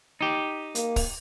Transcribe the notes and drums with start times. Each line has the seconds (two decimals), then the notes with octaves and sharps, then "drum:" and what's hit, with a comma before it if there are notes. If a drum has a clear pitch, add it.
0.21 D#4 G4
0.75 A#3, drum: hi-hat
0.96 drum: kick, open hi-hat